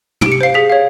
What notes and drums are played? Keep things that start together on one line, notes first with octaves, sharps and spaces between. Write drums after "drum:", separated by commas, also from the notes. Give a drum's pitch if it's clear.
G4 D7, drum: tom
C#7
C5 F5 C7
G#4 B6
C#5 F5